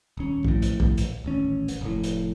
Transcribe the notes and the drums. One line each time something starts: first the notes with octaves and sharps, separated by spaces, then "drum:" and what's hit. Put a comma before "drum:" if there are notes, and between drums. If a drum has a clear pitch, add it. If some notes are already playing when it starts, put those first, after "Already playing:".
D#1 C#4
A#1 A2, drum: kick
drum: hi-hat
drum: kick
drum: hi-hat
D#1 A1 C#4
drum: hi-hat
F1 A2
drum: hi-hat